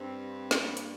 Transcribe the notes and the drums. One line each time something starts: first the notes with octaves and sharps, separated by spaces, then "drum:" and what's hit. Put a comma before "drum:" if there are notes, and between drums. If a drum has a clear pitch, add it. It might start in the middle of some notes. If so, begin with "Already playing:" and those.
Already playing: G2 C4
A#3, drum: snare
drum: hi-hat